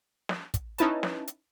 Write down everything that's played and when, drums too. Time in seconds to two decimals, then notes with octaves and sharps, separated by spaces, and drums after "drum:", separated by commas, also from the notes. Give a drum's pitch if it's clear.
0.29 drum: snare
0.54 drum: kick, hi-hat
0.78 C#4 D#4 E4 B4 A5, drum: hi-hat
1.03 drum: snare
1.28 drum: hi-hat